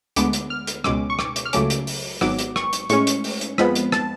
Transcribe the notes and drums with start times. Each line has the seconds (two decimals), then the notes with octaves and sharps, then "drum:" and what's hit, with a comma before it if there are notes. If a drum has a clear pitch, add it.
0.16 D2 D3 G#3 B3 D6, drum: hi-hat
0.33 drum: hi-hat
0.50 F6
0.67 drum: hi-hat
0.84 C#2 B2 G#3 C#4 D6, drum: rim click
1.10 C#6
1.19 D6, drum: rim click
1.36 drum: hi-hat
1.45 F6
1.53 C#2 C#3 F#3 A3 C#4 D6, drum: hi-hat
1.70 drum: hi-hat
1.87 drum: open hi-hat
2.21 G#1 G#2 F#3 B3 D6, drum: rim click
2.39 drum: hi-hat
2.56 C#6, drum: rim click
2.73 drum: hi-hat
2.89 A2 G#3 C#4 C#6, drum: hi-hat
3.07 drum: hi-hat
3.24 drum: open hi-hat
3.41 drum: hi-hat
3.58 F2 F3 G#3 B3 B5, drum: rim click
3.75 drum: hi-hat
3.92 A5, drum: rim click